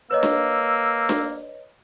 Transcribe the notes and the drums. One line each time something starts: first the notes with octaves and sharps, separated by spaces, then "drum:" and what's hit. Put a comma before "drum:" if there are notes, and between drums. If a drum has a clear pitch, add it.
A#3 B4 C#5 D#5 E6
drum: snare D4
drum: snare D4